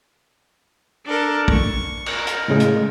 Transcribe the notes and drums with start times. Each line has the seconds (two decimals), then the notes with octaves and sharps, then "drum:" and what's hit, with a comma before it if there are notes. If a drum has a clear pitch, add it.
1.06 D4 A4 A#4
1.48 C#6, drum: kick
2.06 A#4, drum: cymbal
2.27 drum: hi-hat
2.48 A2 C#3 G#3
2.60 drum: hi-hat